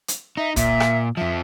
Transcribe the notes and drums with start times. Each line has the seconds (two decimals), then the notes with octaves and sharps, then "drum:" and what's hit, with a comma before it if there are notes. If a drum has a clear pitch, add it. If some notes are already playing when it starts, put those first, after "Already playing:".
0.08 drum: hi-hat
0.37 D#4 E5
0.56 A#2 E5, drum: kick, hi-hat
0.80 drum: rim click
1.17 F2 F3 E5